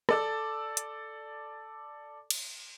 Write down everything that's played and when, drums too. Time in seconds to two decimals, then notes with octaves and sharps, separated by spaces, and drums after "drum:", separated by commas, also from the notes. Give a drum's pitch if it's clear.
0.09 A4 D5 E6, drum: rim click
0.77 drum: hi-hat
2.30 drum: cymbal